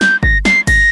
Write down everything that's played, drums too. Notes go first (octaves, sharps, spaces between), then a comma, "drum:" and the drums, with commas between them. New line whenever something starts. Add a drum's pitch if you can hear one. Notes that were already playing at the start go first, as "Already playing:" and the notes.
G6, drum: snare
A#6, drum: kick G1
C7, drum: snare
A#6, drum: kick G1, cymbal